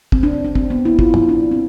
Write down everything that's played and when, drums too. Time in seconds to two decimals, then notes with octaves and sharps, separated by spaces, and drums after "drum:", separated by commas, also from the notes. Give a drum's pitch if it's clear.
0.12 C4, drum: kick
0.23 D4
0.33 C4
0.45 D4
0.55 C4, drum: kick
0.70 B3
0.85 E4
0.99 F4, drum: kick
1.14 drum: tom
1.29 D4
1.52 C4